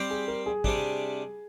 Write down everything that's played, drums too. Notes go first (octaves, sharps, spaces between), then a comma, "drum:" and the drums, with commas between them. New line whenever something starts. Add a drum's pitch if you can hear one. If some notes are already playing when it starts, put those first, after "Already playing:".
Already playing: G3 C4 G4 C5
G#4
A#4
G#4
C3 G3 D4, drum: kick A1